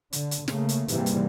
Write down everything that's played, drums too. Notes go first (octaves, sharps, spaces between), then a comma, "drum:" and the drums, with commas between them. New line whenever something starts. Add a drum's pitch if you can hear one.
D3, drum: hi-hat
drum: hi-hat
C#3 A3 A#3, drum: snare
drum: hi-hat
G#2 C3 E3 G3 A#3, drum: hi-hat
drum: hi-hat